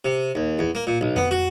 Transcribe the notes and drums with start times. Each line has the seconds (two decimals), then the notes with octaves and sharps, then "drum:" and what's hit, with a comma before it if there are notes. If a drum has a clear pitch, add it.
0.05 C3
0.35 D#2
0.59 E2
0.75 A#3
0.87 A#2
1.01 B1
1.16 B3, drum: tom F2
1.31 F#4